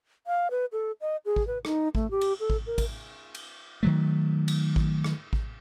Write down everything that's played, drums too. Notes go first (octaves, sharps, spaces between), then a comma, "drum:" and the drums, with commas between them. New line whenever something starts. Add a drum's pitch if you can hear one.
F5
B4
A4
D#5
G#4
drum: kick A1
B4
D#4, drum: rim click
A3, drum: kick A1
G4
drum: cymbal
A4
drum: kick A1
A#4
drum: kick A1, cymbal
drum: cymbal
D#3 F#3 A3
drum: cymbal
drum: kick A1
drum: rim click
drum: kick A1